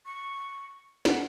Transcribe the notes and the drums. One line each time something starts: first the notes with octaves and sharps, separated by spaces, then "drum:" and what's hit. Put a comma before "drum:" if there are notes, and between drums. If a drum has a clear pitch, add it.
C#6
F#5, drum: snare